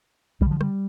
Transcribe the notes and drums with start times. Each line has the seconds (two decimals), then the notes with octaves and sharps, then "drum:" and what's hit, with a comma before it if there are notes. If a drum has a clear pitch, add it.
0.41 G2 G3, drum: kick
0.46 D3 F3
0.61 G3, drum: rim click